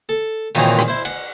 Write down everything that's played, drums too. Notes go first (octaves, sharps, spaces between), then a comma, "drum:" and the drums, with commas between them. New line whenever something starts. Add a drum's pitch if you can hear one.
A4
A#2 D#3 E3 F#3 C4 A#5, drum: cymbal
drum: rim click
E4 C5
F#5, drum: cymbal